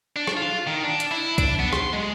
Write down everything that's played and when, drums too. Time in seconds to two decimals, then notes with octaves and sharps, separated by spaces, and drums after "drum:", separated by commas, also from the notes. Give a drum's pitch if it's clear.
0.16 D4
0.27 drum: rim click
0.37 F4
0.67 D#3
0.84 D4
1.00 drum: hi-hat
1.11 E4
1.38 D4, drum: kick, hi-hat
1.59 B3
1.73 C6, drum: rim click
1.93 G#3